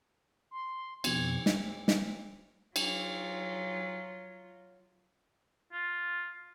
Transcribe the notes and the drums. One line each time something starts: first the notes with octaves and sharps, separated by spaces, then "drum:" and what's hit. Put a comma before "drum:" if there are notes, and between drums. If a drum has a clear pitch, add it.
C6
F2 B2 G#6, drum: cymbal
drum: snare
drum: snare
F#3 F4, drum: cymbal
F4